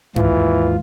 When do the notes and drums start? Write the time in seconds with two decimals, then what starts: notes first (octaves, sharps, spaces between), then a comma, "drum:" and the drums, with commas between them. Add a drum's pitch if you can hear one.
0.16 D#2 G#2 E3 F4, drum: tom G2